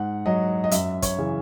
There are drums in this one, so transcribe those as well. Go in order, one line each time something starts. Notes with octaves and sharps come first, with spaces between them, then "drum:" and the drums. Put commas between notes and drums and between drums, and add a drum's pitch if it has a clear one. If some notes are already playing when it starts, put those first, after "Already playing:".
Already playing: G#2 F#5
F#3 D#5
D#5
F#2 E5, drum: hi-hat
C#5, drum: kick, hi-hat
C#3 E3